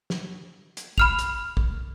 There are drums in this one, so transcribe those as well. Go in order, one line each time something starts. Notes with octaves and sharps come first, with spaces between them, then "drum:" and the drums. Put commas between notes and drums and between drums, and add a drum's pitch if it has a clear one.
drum: snare
drum: hi-hat
B5 F6 F7, drum: kick
drum: hi-hat
drum: kick